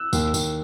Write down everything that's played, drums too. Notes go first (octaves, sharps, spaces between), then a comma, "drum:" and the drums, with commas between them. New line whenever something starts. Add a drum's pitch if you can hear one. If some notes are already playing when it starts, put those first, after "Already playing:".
Already playing: E6 F#6
D#2, drum: tambourine
D#2, drum: tambourine